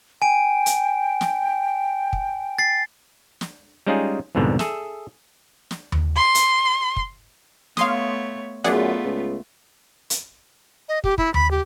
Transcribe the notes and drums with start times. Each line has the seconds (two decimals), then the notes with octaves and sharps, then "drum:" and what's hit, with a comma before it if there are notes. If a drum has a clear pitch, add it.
0.22 G5 G#5 D7
0.66 drum: hi-hat
1.21 drum: snare
2.13 drum: kick
2.59 A6 C7
3.41 drum: snare
3.87 G3 G#3 C#4 D#4 F4 G#4
4.35 C2 F2 G#2 B2 D3
4.59 G#4 A4 E5, drum: snare
5.71 drum: snare
5.92 drum: tom D#2
6.16 C6
6.35 drum: hi-hat
6.96 drum: kick
7.77 A3 B3 C#5 F5 C6 D#6, drum: snare
8.64 F#2 A3 B3 F4 G#4 D5 F#5, drum: snare
9.04 C#2
10.10 drum: hi-hat
10.89 D#5
11.04 G4, drum: kick
11.18 E4, drum: kick
11.34 B5, drum: tom D#2
11.51 G4